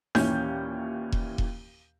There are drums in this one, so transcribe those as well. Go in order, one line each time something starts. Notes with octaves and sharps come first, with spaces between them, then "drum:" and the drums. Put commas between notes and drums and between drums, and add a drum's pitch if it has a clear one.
D#2 A#2 E3 C#4 G6, drum: snare D#4
drum: kick E1
drum: kick E1